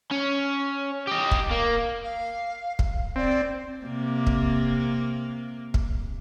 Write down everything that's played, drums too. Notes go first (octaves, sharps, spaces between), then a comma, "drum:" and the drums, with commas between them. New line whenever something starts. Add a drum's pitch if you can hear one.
C#4
G4 D#5
drum: kick
A#3
F5
drum: kick
C4 D5
C3 A#3
drum: kick
drum: kick